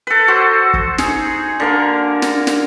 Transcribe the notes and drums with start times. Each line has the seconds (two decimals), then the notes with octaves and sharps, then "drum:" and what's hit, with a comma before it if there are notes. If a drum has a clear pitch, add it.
0.07 A4 B4
0.28 F#4 A4 C5
0.74 drum: kick
0.98 D#4 G#4, drum: snare
1.60 D3 A#3 A#4
2.22 drum: snare
2.47 drum: snare